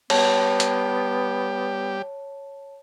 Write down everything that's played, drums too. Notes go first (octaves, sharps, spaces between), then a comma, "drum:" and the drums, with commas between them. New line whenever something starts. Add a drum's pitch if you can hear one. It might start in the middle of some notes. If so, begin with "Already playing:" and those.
G3 B3 G4 C#5 A5, drum: cymbal
drum: hi-hat